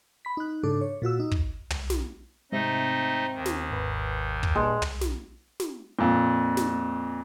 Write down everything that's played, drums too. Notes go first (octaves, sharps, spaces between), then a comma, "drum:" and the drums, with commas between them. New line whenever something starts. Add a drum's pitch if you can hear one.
B5 B6
D#4 F#6
G#2 C#3 D4 A4 D6
C#5
A#2 F4 F#4 E6
D#4
drum: kick
drum: tom
drum: snare
G#2 C3 A3 C4 D#4 D#5 E5
D#2 D#3
drum: snare
G#1 B4
drum: kick
G2 A#2 G#3 G4
drum: tom
drum: snare
drum: snare
F2 A#2
drum: snare